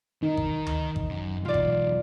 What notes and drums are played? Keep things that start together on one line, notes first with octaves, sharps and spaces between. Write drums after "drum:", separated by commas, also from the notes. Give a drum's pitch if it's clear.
D#3 D#4
drum: kick G#1
drum: tom D2
drum: kick G#1
F#2
B1 E2 F4 D5
drum: kick G#1